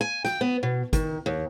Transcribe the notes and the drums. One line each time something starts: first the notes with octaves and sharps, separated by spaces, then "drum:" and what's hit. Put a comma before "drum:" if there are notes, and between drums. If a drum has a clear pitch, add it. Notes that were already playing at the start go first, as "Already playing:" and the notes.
G#5
G5, drum: snare
B3
B2
D#3, drum: kick, hi-hat
D#2